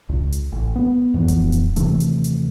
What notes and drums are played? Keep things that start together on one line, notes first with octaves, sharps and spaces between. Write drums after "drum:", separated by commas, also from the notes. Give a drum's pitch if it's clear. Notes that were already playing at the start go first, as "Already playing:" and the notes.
C#2
drum: hi-hat
A1
B3
F2 E3 B3
drum: kick D1, hi-hat
drum: hi-hat
D#2 C3 E3 A3, drum: hi-hat
drum: hi-hat
drum: hi-hat